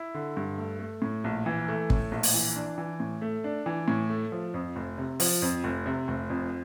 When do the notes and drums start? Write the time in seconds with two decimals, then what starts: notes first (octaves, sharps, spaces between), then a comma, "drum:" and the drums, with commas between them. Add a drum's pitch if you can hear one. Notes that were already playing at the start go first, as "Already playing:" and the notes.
Already playing: E4
0.14 D3
0.37 G2
0.58 A3
0.79 A3
1.02 A2
1.24 A#1
1.46 E3
1.68 A3
1.90 A2, drum: kick
2.12 A#1
2.23 drum: open hi-hat
2.34 E3
2.56 D4
2.78 E3
3.00 A2
3.22 A3
3.44 D4
3.66 E3
3.88 A2
4.10 A3
4.32 F3
4.54 F2
4.76 F1
4.98 C3
5.20 F3, drum: open hi-hat
5.42 F2
5.64 F1
5.86 C3
6.08 F1
6.30 F2